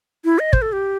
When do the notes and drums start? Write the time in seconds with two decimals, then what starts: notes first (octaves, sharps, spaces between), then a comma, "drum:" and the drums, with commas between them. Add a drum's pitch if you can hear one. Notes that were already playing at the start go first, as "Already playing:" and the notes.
0.25 E4
0.39 D#5
0.53 C5, drum: kick
0.62 A4
0.72 G4